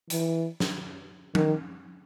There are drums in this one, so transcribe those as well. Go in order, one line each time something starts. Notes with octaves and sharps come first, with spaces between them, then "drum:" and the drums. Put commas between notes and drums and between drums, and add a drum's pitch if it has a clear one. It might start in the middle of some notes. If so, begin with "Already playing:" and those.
E3, drum: hi-hat
drum: snare
D#3, drum: tom F3